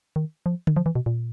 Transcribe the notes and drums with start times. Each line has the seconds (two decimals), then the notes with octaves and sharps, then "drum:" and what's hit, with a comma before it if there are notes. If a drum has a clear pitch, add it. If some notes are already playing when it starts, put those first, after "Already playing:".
0.16 D#3
0.46 F3
0.67 drum: tom D3
0.76 F3
0.86 E3
0.95 B2
1.06 A#2